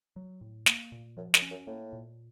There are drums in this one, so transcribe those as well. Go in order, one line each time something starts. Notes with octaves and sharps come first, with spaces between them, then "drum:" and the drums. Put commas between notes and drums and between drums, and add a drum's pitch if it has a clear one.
F#3
A2
A#3, drum: snare
A#2
F#2 F3
F#2, drum: snare
C#4
F#2
A2 A#3
A#2